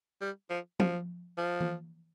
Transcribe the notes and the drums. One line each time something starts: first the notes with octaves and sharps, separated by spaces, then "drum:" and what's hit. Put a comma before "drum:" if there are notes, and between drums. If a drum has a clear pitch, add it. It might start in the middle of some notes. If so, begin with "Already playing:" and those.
G3
F3
F3, drum: tom F3
F3
drum: tom E3